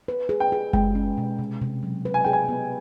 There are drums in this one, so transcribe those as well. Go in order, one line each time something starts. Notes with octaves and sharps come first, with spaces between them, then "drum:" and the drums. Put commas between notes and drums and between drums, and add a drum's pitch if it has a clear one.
B4
G#4
G5
G#4
G#3 G5, drum: kick F#1
C#4
B2
C3
C3
F#3
B4
G#5
G#4 G5
G#5
B3